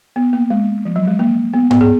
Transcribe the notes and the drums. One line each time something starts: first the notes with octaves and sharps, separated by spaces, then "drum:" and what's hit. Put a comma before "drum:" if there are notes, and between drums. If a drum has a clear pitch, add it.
B3
A#3
G#3
F3
F#3
G#3
A#3
B3
B3, drum: tom G#2
G#4